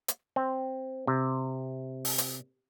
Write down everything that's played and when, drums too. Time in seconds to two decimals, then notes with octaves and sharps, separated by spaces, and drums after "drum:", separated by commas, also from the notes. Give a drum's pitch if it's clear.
0.08 drum: hi-hat
0.36 C4
1.07 C3
2.05 drum: open hi-hat
2.18 drum: hi-hat